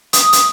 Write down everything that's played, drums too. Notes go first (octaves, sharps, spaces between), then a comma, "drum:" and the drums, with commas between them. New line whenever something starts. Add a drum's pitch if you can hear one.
D#6, drum: hi-hat
drum: hi-hat